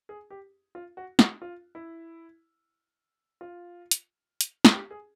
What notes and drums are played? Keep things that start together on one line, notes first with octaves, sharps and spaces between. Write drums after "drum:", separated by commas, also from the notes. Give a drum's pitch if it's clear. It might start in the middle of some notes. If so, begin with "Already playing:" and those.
G#4
G4
F4
F#4
F#4, drum: snare
F4
E4
F4
drum: hi-hat
drum: hi-hat
drum: snare
G4
G#4